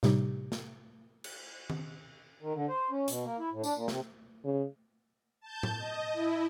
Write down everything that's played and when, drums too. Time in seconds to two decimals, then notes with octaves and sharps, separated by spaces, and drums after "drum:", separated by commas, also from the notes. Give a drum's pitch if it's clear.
0.03 A2 C3 G3 D#4 G4, drum: snare
0.52 drum: snare
1.24 drum: cymbal
1.70 drum: tom D#3
2.41 D#3
2.54 D3
2.69 C5
2.90 C#4
3.08 B2, drum: hi-hat
3.24 A#3
3.38 E4
3.52 A2
3.63 D4, drum: tambourine
3.75 A#2
3.88 C3, drum: snare
4.44 C#3
5.41 A5 G6
5.63 drum: tom A2
5.78 D#5
6.13 E4